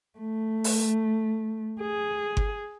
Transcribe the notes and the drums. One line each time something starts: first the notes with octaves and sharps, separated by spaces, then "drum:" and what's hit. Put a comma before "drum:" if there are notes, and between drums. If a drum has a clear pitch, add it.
A3
drum: open hi-hat
G#4
drum: kick G1